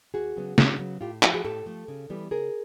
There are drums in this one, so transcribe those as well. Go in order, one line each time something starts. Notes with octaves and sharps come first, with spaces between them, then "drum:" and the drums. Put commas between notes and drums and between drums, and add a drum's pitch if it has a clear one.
D#2 F#4 G#4
C#3 F#3 B3
D#2, drum: snare
C#3 F#3 B3
A2 F4 G4
F3 A3 E4 F#4, drum: clap
F#4 G#4
A2 G4 A4
F3 A3
C#3
E3 G3 B3
C#3 G#4 A#4